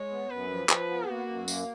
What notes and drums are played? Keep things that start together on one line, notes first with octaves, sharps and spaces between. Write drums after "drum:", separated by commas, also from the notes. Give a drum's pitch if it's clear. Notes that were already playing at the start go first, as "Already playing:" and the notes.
Already playing: G#3 C#5
B3
F#2 B4
F3
F3 B4, drum: clap
B3
A#3 F#4
F#2
A#3, drum: tambourine